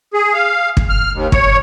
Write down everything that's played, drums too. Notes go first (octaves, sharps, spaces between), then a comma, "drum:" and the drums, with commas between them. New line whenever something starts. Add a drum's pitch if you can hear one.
G#4
F5
drum: kick
F6
D#2
C#5, drum: kick